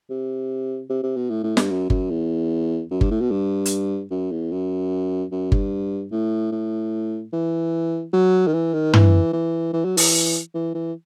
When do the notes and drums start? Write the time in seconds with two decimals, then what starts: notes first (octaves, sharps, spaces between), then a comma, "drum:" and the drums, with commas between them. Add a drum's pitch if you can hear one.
0.10 C3
0.90 C3
1.03 C3
1.17 B2
1.30 A2
1.43 A2
1.57 G2, drum: snare
1.70 F#2
1.90 F#2, drum: kick G1
2.10 E2
2.91 F#2
3.01 G2, drum: kick G1
3.11 A2
3.21 B2
3.31 G2
3.65 drum: hi-hat
4.11 F#2
4.31 E2
4.52 F#2
5.32 F#2
5.52 G2, drum: kick G1
6.11 A2
6.52 A2
7.33 E3
8.13 F#3
8.47 D#3
8.54 E3
8.73 D#3
8.93 E3, drum: tom
9.33 E3
9.73 E3
9.85 F#3
9.97 E3, drum: open hi-hat
10.54 E3
10.75 E3